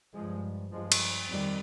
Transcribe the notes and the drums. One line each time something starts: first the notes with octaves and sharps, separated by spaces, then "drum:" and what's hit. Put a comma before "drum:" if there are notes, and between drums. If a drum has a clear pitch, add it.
G2 F3 G#3
G2 F3 G#3
drum: cymbal
F2 D#3 G3